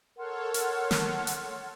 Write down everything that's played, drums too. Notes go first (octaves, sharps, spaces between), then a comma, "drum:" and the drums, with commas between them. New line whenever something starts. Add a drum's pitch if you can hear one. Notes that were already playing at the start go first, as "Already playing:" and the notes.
A4 A#4 C#5 F#5 C6 F6
drum: hi-hat
drum: snare
drum: hi-hat